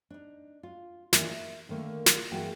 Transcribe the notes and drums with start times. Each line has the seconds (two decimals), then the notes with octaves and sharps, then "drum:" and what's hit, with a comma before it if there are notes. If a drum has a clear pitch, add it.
0.10 D4 D#4
0.63 F4
1.13 D#3 E3 A#3 D4 E4, drum: snare
1.29 E5
1.69 D3 D#3 A3 A#3
2.06 drum: snare
2.31 G2 E3 G#3 A#3 F#4 G5